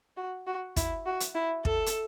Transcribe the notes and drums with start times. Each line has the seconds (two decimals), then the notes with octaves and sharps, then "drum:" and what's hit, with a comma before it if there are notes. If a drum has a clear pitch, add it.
0.17 F#4
0.47 F#4
0.76 E4, drum: kick, hi-hat
1.06 F#4
1.20 drum: hi-hat
1.35 E4
1.65 A4, drum: kick
1.86 drum: hi-hat